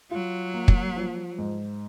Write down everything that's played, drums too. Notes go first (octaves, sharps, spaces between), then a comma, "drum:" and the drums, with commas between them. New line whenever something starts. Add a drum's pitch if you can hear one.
F#3 F4
A#3
drum: kick
F3
G#2